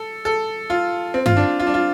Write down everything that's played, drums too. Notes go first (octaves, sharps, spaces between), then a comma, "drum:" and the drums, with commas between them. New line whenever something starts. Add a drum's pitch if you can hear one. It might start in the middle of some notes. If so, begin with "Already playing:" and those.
Already playing: A4
A4
F4
C4
F4, drum: tom G2
D4
F4
D4
F4